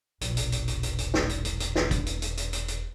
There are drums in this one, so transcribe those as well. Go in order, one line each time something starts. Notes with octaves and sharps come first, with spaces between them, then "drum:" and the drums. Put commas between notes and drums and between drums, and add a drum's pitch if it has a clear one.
E1 A#1, drum: hi-hat
drum: hi-hat
drum: hi-hat
drum: hi-hat
drum: hi-hat
drum: hi-hat
drum: snare
drum: hi-hat
drum: hi-hat
drum: hi-hat
drum: snare
drum: kick, hi-hat
drum: hi-hat
drum: hi-hat
drum: hi-hat
drum: hi-hat
drum: hi-hat